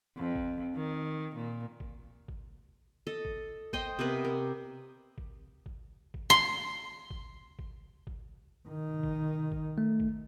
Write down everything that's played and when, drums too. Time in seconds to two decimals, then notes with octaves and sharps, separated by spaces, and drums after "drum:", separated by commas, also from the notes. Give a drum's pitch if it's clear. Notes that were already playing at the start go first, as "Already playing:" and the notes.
0.17 F2
0.36 drum: kick G#1
0.75 D#3
1.36 A#2
1.80 drum: kick G#1
2.28 drum: kick G#1
3.07 A4 D#5
3.25 drum: kick G#1
3.73 C5 D#5 G5 C6, drum: kick G#1
3.99 C3 B3 A#4 B4
4.24 A#4
5.18 drum: kick G#1
5.66 drum: kick G#1
6.14 drum: kick G#1
6.30 C6
7.10 drum: kick G#1
7.59 drum: kick G#1
8.07 drum: kick G#1
8.68 D#3 D#4
9.03 drum: kick G#1
9.52 drum: kick G#1
9.78 A3
10.00 drum: kick G#1